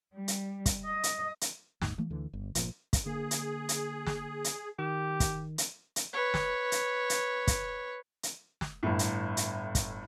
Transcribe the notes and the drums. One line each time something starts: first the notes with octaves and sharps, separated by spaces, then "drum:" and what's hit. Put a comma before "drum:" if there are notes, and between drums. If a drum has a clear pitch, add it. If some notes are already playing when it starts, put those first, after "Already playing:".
G3
drum: hi-hat
drum: kick, hi-hat
D#5
drum: hi-hat
drum: hi-hat
D#2 G#2, drum: snare
E3 A3 A#3
D2 D3 E3
G1
G1 A#2 F3, drum: hi-hat
drum: kick, hi-hat
D3 A#3 G#4
drum: hi-hat
drum: hi-hat
drum: snare
drum: hi-hat
D#3 G4
drum: kick, hi-hat
drum: hi-hat
drum: hi-hat
B4 C#5
drum: snare
drum: hi-hat
drum: hi-hat
drum: kick, hi-hat
drum: hi-hat
drum: snare
G1 A2
drum: hi-hat
drum: hi-hat
drum: kick, hi-hat